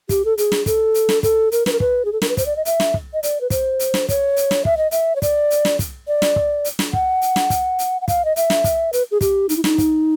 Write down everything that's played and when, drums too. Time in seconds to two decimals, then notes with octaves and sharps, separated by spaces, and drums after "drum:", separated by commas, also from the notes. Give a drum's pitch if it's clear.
0.09 G4, drum: kick, hi-hat
0.25 A4
0.38 G#4, drum: hi-hat
0.52 drum: snare
0.66 A4, drum: kick, hi-hat
0.94 drum: hi-hat
1.09 drum: snare
1.23 A4, drum: kick, hi-hat
1.52 A#4, drum: hi-hat
1.66 B4, drum: snare
1.72 A#4
1.80 B4, drum: kick
2.05 G#4
2.12 A4
2.22 A#4, drum: snare
2.29 B4
2.37 C5, drum: kick, hi-hat
2.46 D5
2.56 D#5
2.65 E5, drum: hi-hat
2.80 drum: snare
2.94 drum: kick
3.14 D#5
3.23 D5, drum: hi-hat
3.41 B4
3.50 C5, drum: kick, hi-hat
3.79 drum: hi-hat
3.94 drum: snare
4.09 C#5, drum: kick, hi-hat
4.37 drum: hi-hat
4.51 drum: snare
4.65 E5, drum: kick
4.77 D#5
4.91 E5, drum: hi-hat
5.16 C#5
5.22 D5, drum: kick, hi-hat
5.51 drum: hi-hat
5.65 drum: snare
5.79 drum: kick, hi-hat
6.08 D5
6.22 drum: snare
6.36 drum: kick
6.65 drum: hi-hat
6.79 drum: snare
6.93 F#5, drum: kick
7.22 drum: hi-hat
7.36 drum: snare
7.50 drum: kick, hi-hat
7.79 drum: hi-hat
8.01 F#5
8.08 F5, drum: kick, hi-hat
8.25 D#5
8.36 E5, drum: hi-hat
8.50 drum: snare
8.64 drum: kick, hi-hat
8.93 B4, drum: hi-hat
9.11 G#4
9.21 G4, drum: kick, hi-hat
9.49 D#4, drum: hi-hat
9.57 E4
9.64 D#4, drum: snare
9.78 drum: kick, hi-hat